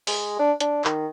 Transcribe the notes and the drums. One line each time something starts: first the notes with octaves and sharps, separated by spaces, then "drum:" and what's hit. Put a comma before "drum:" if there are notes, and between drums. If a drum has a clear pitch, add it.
G#3, drum: open hi-hat
D4
D4, drum: hi-hat
D#3, drum: clap